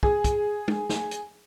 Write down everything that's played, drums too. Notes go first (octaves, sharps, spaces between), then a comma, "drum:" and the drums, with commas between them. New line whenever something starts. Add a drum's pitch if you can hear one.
G#4, drum: kick
drum: kick, hi-hat
drum: tom
drum: snare
drum: hi-hat